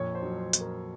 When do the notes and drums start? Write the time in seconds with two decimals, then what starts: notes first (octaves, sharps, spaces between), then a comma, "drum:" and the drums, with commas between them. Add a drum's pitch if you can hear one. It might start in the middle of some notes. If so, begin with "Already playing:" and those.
Already playing: F2 A#2 C#5
0.15 C5
0.23 F#3
0.38 C5
0.53 A#2, drum: hi-hat
0.61 A#4